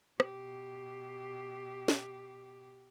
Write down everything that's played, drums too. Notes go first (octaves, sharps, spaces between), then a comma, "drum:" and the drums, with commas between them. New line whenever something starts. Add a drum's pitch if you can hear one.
B2 G4, drum: rim click
drum: snare